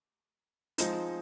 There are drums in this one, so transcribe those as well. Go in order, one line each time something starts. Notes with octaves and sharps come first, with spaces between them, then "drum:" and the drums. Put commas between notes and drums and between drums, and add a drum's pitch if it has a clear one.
F3 G#3 C4 D#4, drum: hi-hat